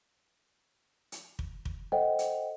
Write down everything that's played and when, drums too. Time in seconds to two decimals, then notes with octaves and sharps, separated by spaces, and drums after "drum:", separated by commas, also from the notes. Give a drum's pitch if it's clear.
1.12 drum: hi-hat
1.39 drum: kick
1.65 drum: kick
1.92 A4 C5 D#5 F#5 G5
2.19 drum: hi-hat